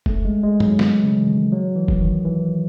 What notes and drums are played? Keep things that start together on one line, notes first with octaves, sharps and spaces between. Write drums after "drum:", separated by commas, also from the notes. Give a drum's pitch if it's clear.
A3, drum: kick F1
G#3
G#3
F#3, drum: tom
drum: snare
C#3
E3
D#3
F#3
E3
drum: kick F1
D#3
E3